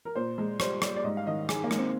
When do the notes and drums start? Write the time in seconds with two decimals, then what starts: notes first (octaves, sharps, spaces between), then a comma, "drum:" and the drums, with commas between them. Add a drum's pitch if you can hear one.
0.05 A#4
0.15 A#2 C5
0.38 G#3
0.60 G3 C5, drum: rim click
0.82 G3 D5, drum: rim click
0.96 D5
1.04 G#2 D#5
1.17 F5
1.26 D#3 D#5
1.49 D#3 G#4, drum: rim click
1.64 A#3
1.71 G#3, drum: rim click
1.78 C4